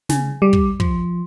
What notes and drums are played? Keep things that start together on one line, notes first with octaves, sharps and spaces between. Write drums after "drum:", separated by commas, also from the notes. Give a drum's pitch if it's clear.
C#3, drum: snare
G3
drum: kick
F3, drum: kick